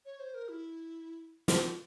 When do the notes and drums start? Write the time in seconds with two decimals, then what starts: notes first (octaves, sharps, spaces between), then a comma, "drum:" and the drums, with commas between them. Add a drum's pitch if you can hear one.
0.05 C#5
0.20 C5
0.34 A#4
0.49 E4
1.48 F4, drum: snare